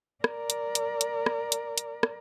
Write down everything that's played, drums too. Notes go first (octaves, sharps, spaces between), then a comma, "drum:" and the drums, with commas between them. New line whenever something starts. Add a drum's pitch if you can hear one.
A#4 D5, drum: rim click
drum: hi-hat
drum: hi-hat
drum: hi-hat
drum: rim click
drum: hi-hat
drum: hi-hat
drum: rim click